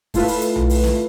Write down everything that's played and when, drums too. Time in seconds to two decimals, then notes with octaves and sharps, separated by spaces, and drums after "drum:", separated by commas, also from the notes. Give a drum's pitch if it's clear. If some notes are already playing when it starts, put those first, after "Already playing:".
0.14 A3 E4 F4 A4 B4, drum: kick, open hi-hat
0.28 drum: open hi-hat
0.42 drum: hi-hat
0.56 drum: tom B1
0.70 drum: open hi-hat
0.84 drum: snare